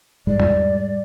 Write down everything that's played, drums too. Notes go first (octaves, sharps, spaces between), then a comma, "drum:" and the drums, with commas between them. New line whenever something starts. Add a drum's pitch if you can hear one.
G#2 G3 G#3 D5
drum: tom E2